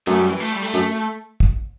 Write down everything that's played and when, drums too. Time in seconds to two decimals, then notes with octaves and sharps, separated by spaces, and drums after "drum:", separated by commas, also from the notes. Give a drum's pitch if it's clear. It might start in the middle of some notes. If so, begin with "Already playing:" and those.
0.07 F#2 A3, drum: hi-hat
0.18 G3
0.29 E3
0.40 A3
0.52 G3
0.62 A3
0.74 F#2, drum: hi-hat
1.40 drum: kick